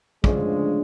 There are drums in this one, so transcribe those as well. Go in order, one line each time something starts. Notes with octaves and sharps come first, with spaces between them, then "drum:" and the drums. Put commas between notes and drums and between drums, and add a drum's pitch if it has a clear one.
D2 C#3 F3 G#3, drum: kick